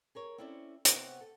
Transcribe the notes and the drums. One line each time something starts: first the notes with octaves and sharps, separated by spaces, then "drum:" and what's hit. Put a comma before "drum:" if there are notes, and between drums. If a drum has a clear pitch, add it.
G#4 A#4 C#5
C4 C#4 E4 A4 D5
C3 B3 C5 C#5 F#5, drum: hi-hat
A4